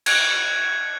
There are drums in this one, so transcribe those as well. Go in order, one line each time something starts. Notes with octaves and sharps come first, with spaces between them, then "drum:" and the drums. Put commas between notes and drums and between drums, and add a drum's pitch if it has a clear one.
F#6 G#6, drum: cymbal